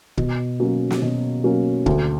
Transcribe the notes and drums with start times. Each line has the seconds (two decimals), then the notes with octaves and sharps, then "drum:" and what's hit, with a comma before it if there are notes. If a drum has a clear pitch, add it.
0.17 B2, drum: kick
0.60 F#3 A#3 C#4
0.91 drum: snare
1.02 B2
1.44 F#3 A#3 C#4
1.86 D2, drum: kick